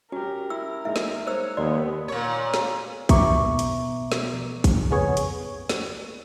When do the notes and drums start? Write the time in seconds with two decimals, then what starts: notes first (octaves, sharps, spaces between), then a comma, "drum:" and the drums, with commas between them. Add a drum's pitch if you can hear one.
0.12 C#4 F#4 G4 A#4
0.50 E4 E6
0.85 G#3 A#3 D#4 E5
0.96 drum: snare
1.27 C5 C#5 E6
1.57 D#2 B3 A#4 D5 C6
2.08 A#2 C#5
2.54 drum: snare
3.09 B2 B3 E5 A#5 C#6 D6, drum: kick, hi-hat
3.59 drum: hi-hat
4.12 drum: snare
4.64 drum: kick, hi-hat
4.91 G1 F2 C#3 B3 G#4 C#5
5.17 drum: hi-hat
5.69 drum: snare